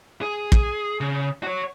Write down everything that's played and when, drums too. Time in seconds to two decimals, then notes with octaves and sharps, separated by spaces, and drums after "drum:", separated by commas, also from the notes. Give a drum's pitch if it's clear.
0.22 G#4
0.52 drum: kick
1.01 C#3
1.43 F#4 C#5